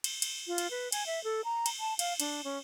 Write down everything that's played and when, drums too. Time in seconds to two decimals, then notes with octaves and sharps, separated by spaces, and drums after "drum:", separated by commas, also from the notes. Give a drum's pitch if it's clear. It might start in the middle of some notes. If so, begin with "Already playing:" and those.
0.04 drum: cymbal
0.22 drum: cymbal
0.47 F4
0.58 drum: cymbal
0.71 B4
0.92 G#5, drum: cymbal
1.06 E5
1.24 A4
1.45 A#5
1.66 drum: cymbal
1.80 A5
1.99 F5, drum: cymbal
2.20 D4, drum: cymbal
2.44 C#4